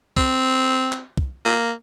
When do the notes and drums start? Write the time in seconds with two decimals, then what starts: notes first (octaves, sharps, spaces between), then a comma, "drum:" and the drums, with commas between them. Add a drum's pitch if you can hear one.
0.17 C4, drum: kick
0.92 drum: clap
1.17 drum: kick
1.45 A#3